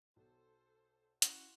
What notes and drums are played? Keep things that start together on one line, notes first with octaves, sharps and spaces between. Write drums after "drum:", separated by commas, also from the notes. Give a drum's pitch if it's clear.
B1 A4 C5
C#4 E4 F#4 F5 C6, drum: hi-hat